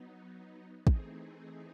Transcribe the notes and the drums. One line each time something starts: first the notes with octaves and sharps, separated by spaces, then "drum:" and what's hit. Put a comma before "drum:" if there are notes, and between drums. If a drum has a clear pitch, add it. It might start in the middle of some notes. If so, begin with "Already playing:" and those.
Already playing: F#3 B3 D#4
E3 A3 C4 D#4 G#4, drum: kick